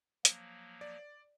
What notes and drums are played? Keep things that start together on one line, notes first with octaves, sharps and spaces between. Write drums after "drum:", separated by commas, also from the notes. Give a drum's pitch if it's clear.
F3 F#3 A#3, drum: hi-hat
D5